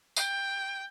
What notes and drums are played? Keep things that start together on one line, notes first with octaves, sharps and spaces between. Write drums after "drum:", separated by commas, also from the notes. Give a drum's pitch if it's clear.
G5, drum: tambourine